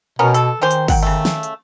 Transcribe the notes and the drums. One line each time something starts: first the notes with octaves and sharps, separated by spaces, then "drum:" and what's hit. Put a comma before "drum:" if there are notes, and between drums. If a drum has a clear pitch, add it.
B2 B3 C#4 A#4
A4, drum: hi-hat
D#3 C#4 G4 C5
drum: hi-hat
F#3 F#5 G5, drum: kick, open hi-hat
C#3 A3
drum: snare
drum: hi-hat